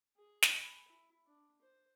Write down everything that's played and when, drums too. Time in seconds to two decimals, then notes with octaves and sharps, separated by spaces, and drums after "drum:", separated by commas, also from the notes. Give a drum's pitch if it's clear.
0.17 G#4
0.42 drum: snare
0.56 G#5 B5
0.88 E4
1.27 D4
1.61 C5